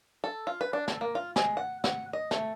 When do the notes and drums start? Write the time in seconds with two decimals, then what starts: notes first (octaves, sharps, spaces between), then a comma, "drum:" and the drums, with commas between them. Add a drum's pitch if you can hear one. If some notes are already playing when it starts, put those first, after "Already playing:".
0.24 A4
0.47 F4
0.61 B4
0.73 D4
0.88 A4, drum: snare
1.01 A#3
1.15 F4
1.36 G#3, drum: snare
1.57 F#5
1.84 F#5, drum: snare
2.13 D#5
2.31 A3, drum: snare